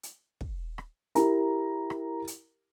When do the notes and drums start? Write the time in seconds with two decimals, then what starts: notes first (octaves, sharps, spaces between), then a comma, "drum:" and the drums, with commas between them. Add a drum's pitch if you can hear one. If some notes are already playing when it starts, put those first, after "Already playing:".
0.03 drum: hi-hat
0.41 drum: kick
0.78 drum: rim click
1.15 E4 G4 A#4 A#5, drum: hi-hat
1.90 drum: rim click
2.27 drum: hi-hat